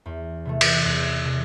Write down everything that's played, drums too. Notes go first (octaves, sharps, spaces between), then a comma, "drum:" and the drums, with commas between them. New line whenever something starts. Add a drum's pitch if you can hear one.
E2
C3 E3 A3
drum: cymbal
E2
C3 E3 A3